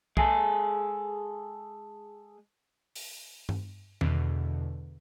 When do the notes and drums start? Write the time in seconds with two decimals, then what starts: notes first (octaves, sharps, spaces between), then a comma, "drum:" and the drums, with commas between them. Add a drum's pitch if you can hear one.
0.17 G#3 G#4 A4, drum: kick
2.95 drum: open hi-hat
3.49 drum: tom G2
4.01 E2 B2 D3, drum: tom D#3